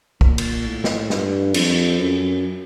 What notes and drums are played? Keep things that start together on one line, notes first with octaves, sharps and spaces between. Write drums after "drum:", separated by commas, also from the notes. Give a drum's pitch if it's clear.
A#2, drum: kick
drum: cymbal
A2
drum: snare
G2, drum: snare
F2, drum: cymbal
F#2